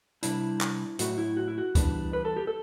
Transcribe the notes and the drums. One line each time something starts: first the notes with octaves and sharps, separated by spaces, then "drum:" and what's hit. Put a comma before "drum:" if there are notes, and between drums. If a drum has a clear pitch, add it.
C3 G3 D4 E4, drum: hi-hat
drum: clap
A2 F#3 A3 E4 F#4, drum: hi-hat
E4
F#4
E4
F#4
E3 G3 B3 D4, drum: kick C#2, hi-hat
B4
A4
G4
A4